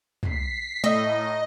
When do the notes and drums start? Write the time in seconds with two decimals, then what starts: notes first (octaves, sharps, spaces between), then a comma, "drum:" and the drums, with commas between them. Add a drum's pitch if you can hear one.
0.23 B6 C7, drum: tom
0.84 A2 A3 D#4 D#5 E5